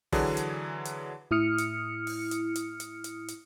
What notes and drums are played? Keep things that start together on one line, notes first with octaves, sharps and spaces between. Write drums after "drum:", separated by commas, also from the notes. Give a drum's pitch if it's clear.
D3 E3 F#3 D4 G#4, drum: kick, open hi-hat
drum: hi-hat
drum: hi-hat
A2 E4 D#6 F6 C#7
drum: hi-hat
drum: open hi-hat
drum: hi-hat
drum: hi-hat
drum: hi-hat
drum: hi-hat
drum: hi-hat